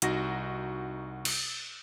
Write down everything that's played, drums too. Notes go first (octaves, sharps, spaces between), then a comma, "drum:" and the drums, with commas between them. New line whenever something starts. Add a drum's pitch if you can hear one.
C2 D#4 F#4 A#6, drum: hi-hat
drum: cymbal